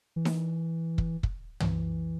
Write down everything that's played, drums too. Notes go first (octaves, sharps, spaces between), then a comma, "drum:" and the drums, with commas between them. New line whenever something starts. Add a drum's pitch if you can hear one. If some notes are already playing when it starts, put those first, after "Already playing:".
E3
drum: snare D#4
drum: kick
drum: kick
E3, drum: tom